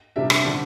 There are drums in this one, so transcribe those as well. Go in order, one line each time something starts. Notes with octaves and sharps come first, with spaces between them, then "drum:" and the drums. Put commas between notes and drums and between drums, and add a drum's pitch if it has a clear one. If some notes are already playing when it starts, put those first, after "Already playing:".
C3 G3 D4 E5
drum: rim click
D3 G3 D4